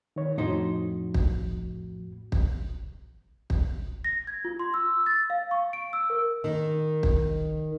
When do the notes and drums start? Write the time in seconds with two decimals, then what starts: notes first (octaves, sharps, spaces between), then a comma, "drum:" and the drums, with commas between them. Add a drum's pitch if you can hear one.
0.16 D#3 C#5
0.38 F2 A2 D#4 F#4 C5
1.14 drum: kick
2.32 drum: kick
3.50 drum: kick
4.04 A#6
4.27 G#6
4.45 F4
4.59 C6
4.74 E6
5.06 A6
5.30 F5
5.51 C#6
5.73 D7
5.93 E6
6.10 A#4
6.44 D#3
7.03 drum: kick